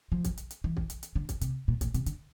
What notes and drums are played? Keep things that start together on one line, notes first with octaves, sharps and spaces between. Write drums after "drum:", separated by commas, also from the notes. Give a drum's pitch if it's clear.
F3
drum: kick, hi-hat
drum: hi-hat
drum: hi-hat
E3
drum: kick
drum: hi-hat
drum: hi-hat
D3
drum: kick, hi-hat
C3, drum: hi-hat
A#2
A#2, drum: kick, hi-hat
C3, drum: hi-hat
D3, drum: hi-hat